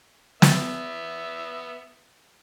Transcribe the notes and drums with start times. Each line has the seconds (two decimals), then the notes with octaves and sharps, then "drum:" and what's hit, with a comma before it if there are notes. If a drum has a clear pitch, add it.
0.42 B3 E5, drum: snare